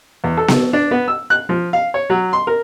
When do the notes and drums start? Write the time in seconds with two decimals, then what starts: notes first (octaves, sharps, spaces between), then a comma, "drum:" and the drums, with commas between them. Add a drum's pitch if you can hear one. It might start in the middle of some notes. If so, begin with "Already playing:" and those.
0.24 E2
0.37 A4
0.48 drum: snare B3
0.73 D4
0.91 B3
1.08 E6
1.30 F#6
1.49 F3
1.73 F5
1.94 C#5
2.10 F#3
2.33 C6
2.47 A#4